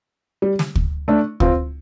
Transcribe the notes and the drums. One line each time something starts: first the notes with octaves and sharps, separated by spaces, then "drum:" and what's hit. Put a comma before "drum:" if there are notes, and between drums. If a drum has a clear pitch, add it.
G3
drum: snare
drum: kick
A3 D4
C4 F4, drum: kick